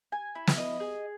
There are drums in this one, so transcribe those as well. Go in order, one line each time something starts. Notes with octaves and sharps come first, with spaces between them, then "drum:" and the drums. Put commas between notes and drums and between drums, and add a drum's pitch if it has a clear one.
G#5
E4
drum: snare
D#5
G#4